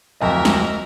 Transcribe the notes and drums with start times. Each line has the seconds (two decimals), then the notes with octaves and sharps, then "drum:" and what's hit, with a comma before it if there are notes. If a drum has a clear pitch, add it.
0.21 D1 F2 A#4 D#5 E5
0.45 drum: snare